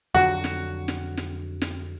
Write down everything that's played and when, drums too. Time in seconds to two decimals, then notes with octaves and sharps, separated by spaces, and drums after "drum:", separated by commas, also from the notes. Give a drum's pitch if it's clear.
0.15 F2 D3 F#3 F#4
0.44 drum: snare
0.88 drum: snare
1.17 drum: snare
1.61 drum: snare